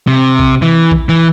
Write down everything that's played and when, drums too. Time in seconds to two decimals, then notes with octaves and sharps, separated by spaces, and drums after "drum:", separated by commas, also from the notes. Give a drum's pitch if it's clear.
0.07 C3
0.39 drum: kick
0.62 E3
0.91 drum: kick
1.09 E3